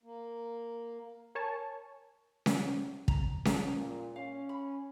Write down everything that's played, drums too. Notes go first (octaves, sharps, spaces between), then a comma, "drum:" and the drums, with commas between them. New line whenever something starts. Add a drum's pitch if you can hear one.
A#3
A#4 C#5 G#5 A5 C#6
drum: snare C#4
A#5, drum: kick
G#4 A5 A#5, drum: snare C#4
A#2
C#4 F5
B5